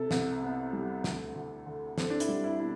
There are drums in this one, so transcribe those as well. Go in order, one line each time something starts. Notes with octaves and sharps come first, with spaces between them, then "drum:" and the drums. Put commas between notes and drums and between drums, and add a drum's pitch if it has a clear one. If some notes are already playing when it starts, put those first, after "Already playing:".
Already playing: C3 A4
C2, drum: snare
B3
G3
D2, drum: snare
D2
D3
C4 A4, drum: snare
D4
E4, drum: hi-hat
G3
E4
B2 E4